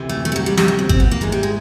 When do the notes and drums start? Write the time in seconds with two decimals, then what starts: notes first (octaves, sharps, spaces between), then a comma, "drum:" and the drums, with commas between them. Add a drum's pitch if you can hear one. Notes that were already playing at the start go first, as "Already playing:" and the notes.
Already playing: D2 C3 E3
0.09 A3
0.25 A3
0.32 G3
0.36 F#3
0.46 G3
0.57 G3, drum: snare
0.68 F#3
0.79 C4
0.89 C4, drum: kick G#1
1.00 B3
1.11 A#3
1.21 G#2 E3 G#3
1.32 G3
1.43 G#3